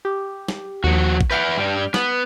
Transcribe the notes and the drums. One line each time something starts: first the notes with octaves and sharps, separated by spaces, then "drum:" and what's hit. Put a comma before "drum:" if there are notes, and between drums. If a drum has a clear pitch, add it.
G4
drum: snare
D#2 F3 F#4
drum: kick A#1
B4 E5 F#5 D6 F6 G6
G2 G3
B3, drum: snare